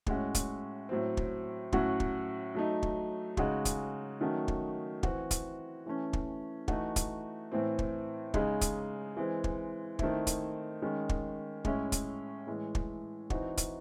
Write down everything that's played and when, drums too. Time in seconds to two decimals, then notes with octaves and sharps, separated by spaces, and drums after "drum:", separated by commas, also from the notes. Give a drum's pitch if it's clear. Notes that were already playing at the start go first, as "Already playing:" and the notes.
0.06 A2 G#3 C#4 F#4, drum: kick
0.35 drum: kick, hi-hat
0.89 A2 F#3 C4
1.17 drum: kick
1.72 A2 F#3 C#4 F#4, drum: kick
2.00 drum: kick
2.55 F#3 A3 D#4
2.83 drum: kick
3.37 C#3 G#3 D#4 F#4, drum: kick
3.65 drum: kick, hi-hat
4.21 D#3 F#3 A3 C#4 F#4
4.48 drum: kick
5.03 E3 C4 F#4, drum: kick
5.31 drum: kick, hi-hat
5.86 E3 A3 C#4
6.13 drum: kick
6.68 E3 A3 D#4 F#4, drum: kick
6.96 drum: kick, hi-hat
7.52 A2 E3 C4
7.79 drum: kick
8.34 C#3 G#3 D#4, drum: kick
8.61 drum: kick, hi-hat
9.17 E3 G#3 C4
9.44 drum: kick
9.99 D#3 A3 C4 E4, drum: kick
10.27 drum: kick, hi-hat
10.82 D#3 G#3 C#4
11.09 drum: kick
11.65 A2 G#3 C#4 E4, drum: kick
11.92 drum: kick, hi-hat
12.47 A2 E3 G#3
12.75 drum: kick
13.30 E3 C4 D#4 F#4, drum: kick
13.57 drum: kick, hi-hat